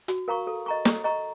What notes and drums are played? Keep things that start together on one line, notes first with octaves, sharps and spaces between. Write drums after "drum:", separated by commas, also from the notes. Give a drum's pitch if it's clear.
F#4, drum: hi-hat
A#4 F5 A#5 C#6
A4
D#5 A#5 C#6
A4, drum: snare
D#5 A#5 C#6